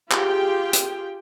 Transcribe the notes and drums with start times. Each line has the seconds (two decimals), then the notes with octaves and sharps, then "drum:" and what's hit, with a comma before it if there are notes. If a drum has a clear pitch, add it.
0.11 F4 G4 G#4 G5, drum: clap
0.73 drum: hi-hat